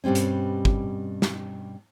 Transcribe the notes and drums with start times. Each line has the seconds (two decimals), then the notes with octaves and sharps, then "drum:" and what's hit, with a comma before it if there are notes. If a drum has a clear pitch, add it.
0.04 G2 B2 G3 C4 C#4
0.15 drum: hi-hat
0.65 drum: kick
1.22 drum: snare